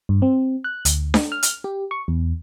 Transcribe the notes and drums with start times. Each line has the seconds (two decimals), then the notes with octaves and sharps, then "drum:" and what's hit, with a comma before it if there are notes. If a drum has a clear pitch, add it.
0.09 G2
0.22 C4
0.64 F#6
0.85 D2, drum: hi-hat
1.14 drum: snare D4
1.32 F6
1.43 drum: hi-hat
1.64 G4
1.91 C#6
2.08 E2